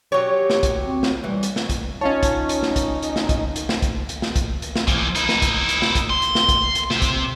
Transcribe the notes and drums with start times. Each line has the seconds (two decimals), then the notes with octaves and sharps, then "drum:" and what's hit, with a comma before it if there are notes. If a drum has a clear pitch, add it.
0.12 F#3 G4 C#5
0.50 drum: snare
0.63 drum: kick, hi-hat
0.85 C4
1.03 drum: snare
1.24 E3 G3
1.43 drum: hi-hat
1.56 drum: snare
1.69 drum: kick, hi-hat
2.01 C#4 D#4 F4 C#5 D#5 A5
2.23 drum: kick, hi-hat
2.49 drum: hi-hat
2.63 drum: snare
2.76 drum: kick, hi-hat
3.03 drum: hi-hat
3.16 drum: snare
3.29 drum: kick, hi-hat
3.56 drum: hi-hat
3.69 drum: snare
3.82 drum: kick, hi-hat
4.09 drum: hi-hat
4.22 drum: snare
4.36 drum: kick, hi-hat
4.62 drum: hi-hat
4.76 drum: snare
4.88 E3 F3, drum: kick, hi-hat
5.15 D#4 E4, drum: hi-hat
5.29 drum: snare
5.42 drum: kick, hi-hat
5.69 drum: hi-hat
5.82 drum: snare
5.95 drum: kick, hi-hat
6.10 C6
6.22 drum: hi-hat
6.35 drum: snare
6.49 drum: kick, hi-hat
6.75 drum: hi-hat
6.90 C3 E5, drum: snare
7.02 drum: kick, hi-hat